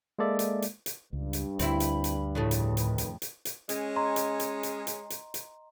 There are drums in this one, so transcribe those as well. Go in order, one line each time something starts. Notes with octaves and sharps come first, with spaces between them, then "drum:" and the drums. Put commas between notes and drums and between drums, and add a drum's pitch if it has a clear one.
G#3 A#3 A4 D5 E5
drum: hi-hat
drum: hi-hat
drum: hi-hat
C#2 G2
drum: hi-hat
D2 C4 E4 B5, drum: hi-hat
drum: hi-hat
drum: hi-hat
F2 A2 C#3 A3
drum: hi-hat
D#3 B4, drum: hi-hat
drum: hi-hat
drum: hi-hat
drum: hi-hat
G#3 C#4, drum: hi-hat
D#5 A#5 C6
drum: hi-hat
drum: hi-hat
drum: hi-hat
drum: hi-hat
drum: hi-hat
drum: hi-hat